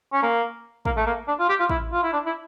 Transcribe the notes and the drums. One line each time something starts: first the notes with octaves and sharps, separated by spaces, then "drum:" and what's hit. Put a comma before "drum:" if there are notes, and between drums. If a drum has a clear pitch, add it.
C#4
A#3
A#3, drum: kick
A3
A#3
D4
F4
G4
F4
E4, drum: kick
F4
E4
D4
E4